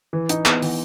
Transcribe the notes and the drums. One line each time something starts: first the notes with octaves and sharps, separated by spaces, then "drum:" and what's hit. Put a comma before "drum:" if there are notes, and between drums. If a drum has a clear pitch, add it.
E3
D#4, drum: hi-hat
B3, drum: clap
E3, drum: open hi-hat